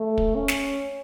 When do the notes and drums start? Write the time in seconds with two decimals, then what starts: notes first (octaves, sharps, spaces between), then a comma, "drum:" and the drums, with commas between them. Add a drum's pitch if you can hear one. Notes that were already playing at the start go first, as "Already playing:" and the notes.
Already playing: A3
0.18 drum: kick
0.35 C#4
0.48 drum: snare